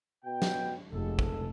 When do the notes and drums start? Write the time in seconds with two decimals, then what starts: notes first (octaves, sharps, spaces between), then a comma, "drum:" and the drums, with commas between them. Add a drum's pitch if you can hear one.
0.24 B2 G5
0.42 drum: snare
0.93 F1 G#3 A4
1.19 drum: kick